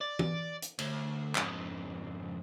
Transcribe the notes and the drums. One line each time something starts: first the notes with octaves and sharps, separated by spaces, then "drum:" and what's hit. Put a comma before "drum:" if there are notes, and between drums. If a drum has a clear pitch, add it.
D5
drum: tom
drum: hi-hat
D2, drum: cymbal
F2 G#2, drum: clap